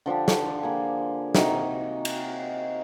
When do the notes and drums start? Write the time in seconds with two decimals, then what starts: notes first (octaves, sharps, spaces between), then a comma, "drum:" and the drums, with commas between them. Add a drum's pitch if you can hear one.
0.06 D3 F3 D4 G4
0.28 drum: snare
0.63 A#3 G#4
1.35 C3 D#4 F#4, drum: snare
2.05 drum: cymbal